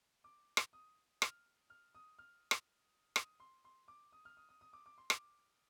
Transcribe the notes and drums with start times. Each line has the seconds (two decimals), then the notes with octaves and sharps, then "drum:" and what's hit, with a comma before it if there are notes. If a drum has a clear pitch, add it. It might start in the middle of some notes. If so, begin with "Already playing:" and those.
0.24 D6
0.57 drum: rim click
0.73 D#6
1.22 F6, drum: rim click
1.70 F6
1.95 D#6
2.19 F6
2.51 drum: rim click
3.16 D#6, drum: rim click
3.40 C6
3.65 C6
3.88 D6
4.12 D#6
4.25 F6
4.37 D#6
4.49 D#6
4.61 D#6
4.73 D6
4.86 D6
4.98 C6
5.10 D6, drum: rim click